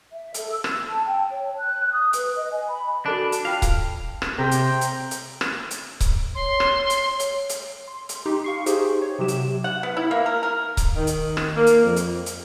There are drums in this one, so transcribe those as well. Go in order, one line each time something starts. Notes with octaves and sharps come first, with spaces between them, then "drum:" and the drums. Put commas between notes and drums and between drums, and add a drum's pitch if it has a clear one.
E5
A4, drum: hi-hat
E6
drum: rim click
A5
G5
C#5
F#6
D#6
B4, drum: hi-hat
D#5
G#5
B5
D4 F#4 A4 B5
drum: hi-hat
F4 F5 G5 A5
drum: kick C#1, hi-hat
drum: rim click
C3 G#4 C5 G5 A#5
drum: hi-hat
drum: hi-hat
drum: hi-hat
drum: rim click
drum: hi-hat
drum: kick C#1, hi-hat
C#5 C6
drum: rim click
drum: hi-hat
drum: hi-hat
drum: hi-hat
C6
drum: hi-hat
D#4 G4 C6
F5 C#6 C7
D#4 G4 G#4 C5, drum: hi-hat
C#5
C3 F#3 G4 E7
drum: hi-hat
F#5
B3
E4
A#3
A#4
A#4
drum: kick C#1, hi-hat
D#3
drum: hi-hat
drum: rim click
A#3
drum: hi-hat
F2
drum: hi-hat
drum: hi-hat